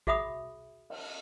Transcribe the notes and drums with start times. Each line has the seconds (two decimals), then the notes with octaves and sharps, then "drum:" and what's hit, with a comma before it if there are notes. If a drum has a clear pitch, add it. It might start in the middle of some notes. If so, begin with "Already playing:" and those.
0.07 F#4 G#4 E5 F#5 B5 D#6, drum: kick A1
0.90 drum: cymbal